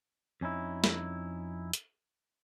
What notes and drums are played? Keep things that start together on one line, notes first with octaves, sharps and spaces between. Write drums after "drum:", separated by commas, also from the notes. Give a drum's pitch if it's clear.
F2 C#4 D#4 E4
drum: snare
drum: hi-hat